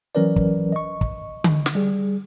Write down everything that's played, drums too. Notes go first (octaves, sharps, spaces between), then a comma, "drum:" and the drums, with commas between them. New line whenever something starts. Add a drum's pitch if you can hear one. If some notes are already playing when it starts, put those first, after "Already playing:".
E3 F#3 C#4 A#4 B4 D5
drum: kick
D#5 C#6
drum: kick
drum: tom D3
drum: snare
G3 G#4